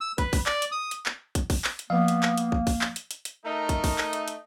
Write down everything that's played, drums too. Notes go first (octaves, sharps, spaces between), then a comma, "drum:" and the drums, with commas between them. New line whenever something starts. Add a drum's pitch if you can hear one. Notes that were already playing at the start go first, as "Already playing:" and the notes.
E6
B4, drum: kick, hi-hat
drum: kick, open hi-hat
D5, drum: clap
drum: hi-hat
D#6
drum: hi-hat
drum: clap
drum: kick, hi-hat
drum: kick, open hi-hat
drum: clap
drum: hi-hat
F3 A#3 B3 F5
drum: hi-hat
drum: clap
drum: hi-hat
drum: kick
drum: kick, open hi-hat
drum: clap
drum: hi-hat
drum: hi-hat
drum: hi-hat
A3 D#4 A#4
drum: kick, hi-hat
drum: kick, open hi-hat
drum: clap
drum: hi-hat
drum: hi-hat